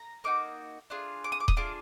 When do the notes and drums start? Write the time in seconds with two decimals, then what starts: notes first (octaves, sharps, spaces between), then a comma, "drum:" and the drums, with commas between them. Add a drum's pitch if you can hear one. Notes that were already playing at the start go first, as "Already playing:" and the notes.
Already playing: A#5
0.24 A#3 D#4 F#4 D6
0.90 D4 F4 G#4
1.24 D6
1.32 D#6
1.40 D6
1.48 D#6, drum: kick D#1
1.57 D4 F4 G#4 D6